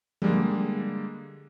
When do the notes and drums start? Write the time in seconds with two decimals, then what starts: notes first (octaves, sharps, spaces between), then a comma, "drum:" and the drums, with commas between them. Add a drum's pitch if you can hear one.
0.22 D3 G3 G#3 A#3, drum: tom F3